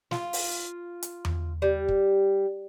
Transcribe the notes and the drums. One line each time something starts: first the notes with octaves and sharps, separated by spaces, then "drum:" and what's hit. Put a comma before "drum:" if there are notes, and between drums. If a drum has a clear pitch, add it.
F4, drum: snare
drum: open hi-hat
drum: hi-hat
drum: tom E2
G3
drum: kick